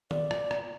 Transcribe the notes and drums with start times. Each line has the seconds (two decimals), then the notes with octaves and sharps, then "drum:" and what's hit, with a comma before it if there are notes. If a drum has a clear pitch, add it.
0.11 D5, drum: tom D#3
0.31 drum: rim click
0.51 drum: rim click